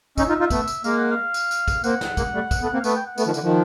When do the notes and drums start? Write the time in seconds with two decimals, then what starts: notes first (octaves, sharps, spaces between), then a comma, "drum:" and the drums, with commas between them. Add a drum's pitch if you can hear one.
0.18 C#4 D#4 E5, drum: kick, tambourine
0.28 D#4 F4
0.40 D#4 F4
0.50 A3 B3, drum: kick, tambourine
0.68 drum: tambourine
0.84 G#3 A#3 F5, drum: tambourine
0.97 F#5
1.11 F5
1.34 drum: tambourine
1.51 drum: tambourine
1.68 drum: kick, tambourine
1.84 A#3 C4 F#5, drum: tambourine
2.01 drum: snare
2.17 G#3 A#3, drum: kick, tambourine
2.34 G3 A3
2.51 drum: kick, tambourine
2.62 A3 B3
2.73 A#3 C4
2.80 F5
2.84 A3 B3 F#5, drum: tambourine
2.95 G5
3.06 F#5
3.18 A3 B3, drum: tambourine
3.26 D#3 F3
3.34 D3 E3, drum: tambourine
3.43 D#3 F3